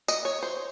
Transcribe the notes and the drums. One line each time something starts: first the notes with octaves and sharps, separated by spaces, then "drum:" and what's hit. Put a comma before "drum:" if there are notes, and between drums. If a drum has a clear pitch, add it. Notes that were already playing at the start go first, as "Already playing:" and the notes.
D#5, drum: tambourine
C#5
C5